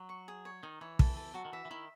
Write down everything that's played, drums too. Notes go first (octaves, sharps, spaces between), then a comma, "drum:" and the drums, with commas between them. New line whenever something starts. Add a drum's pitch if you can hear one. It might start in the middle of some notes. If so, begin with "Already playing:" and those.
Already playing: F#3
C#6
G#4
C#5
D#3 D#4
E3 C#5
A4, drum: kick
A4
F#3 F#4
D#3
E3 E5
E3
D#3 E4